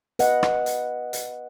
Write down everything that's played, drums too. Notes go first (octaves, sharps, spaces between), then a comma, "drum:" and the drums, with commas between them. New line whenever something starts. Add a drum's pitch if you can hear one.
B4 D#5 F#5, drum: hi-hat
drum: rim click
drum: hi-hat
drum: hi-hat